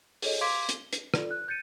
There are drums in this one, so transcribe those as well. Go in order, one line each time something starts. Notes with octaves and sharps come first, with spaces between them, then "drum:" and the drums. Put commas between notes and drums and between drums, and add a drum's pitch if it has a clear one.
G#4 A4 C#5 D#5, drum: open hi-hat
F5 C6 D6 G#6 B6 D7
G7, drum: hi-hat
drum: hi-hat
F4 A4 D5, drum: rim click
F#6
G6 A6 C#7 D#7